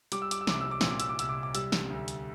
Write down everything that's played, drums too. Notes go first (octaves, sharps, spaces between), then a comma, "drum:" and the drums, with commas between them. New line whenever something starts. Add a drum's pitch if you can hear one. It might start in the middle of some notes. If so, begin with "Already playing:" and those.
G3 D6, drum: hi-hat
E6
D6, drum: hi-hat
E6
C2 D6, drum: snare
E6
D6
A#2 E6, drum: snare
D6
E6, drum: hi-hat
D6
C2 E6, drum: hi-hat
D6
D6
G3 E6, drum: hi-hat
drum: snare
D2
drum: hi-hat